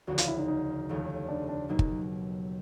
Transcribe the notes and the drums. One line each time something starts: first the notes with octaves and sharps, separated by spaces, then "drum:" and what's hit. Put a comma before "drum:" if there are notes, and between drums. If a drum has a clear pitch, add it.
E1 D2 C#3 F3 F#4
F4, drum: hi-hat
E4
D#4
D#4
F1 D#2 C#3 F3 A3
D4
D4
B2 F#3 A#3 D#4
drum: kick